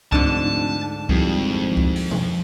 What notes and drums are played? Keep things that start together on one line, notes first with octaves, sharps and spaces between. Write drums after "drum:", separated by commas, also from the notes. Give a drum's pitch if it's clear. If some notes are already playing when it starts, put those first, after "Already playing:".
F1 G#2 D3 A5, drum: kick C#2
G#1 F2 F3 G3 E4, drum: kick C#2
drum: kick C#2
drum: open hi-hat
drum: tom B2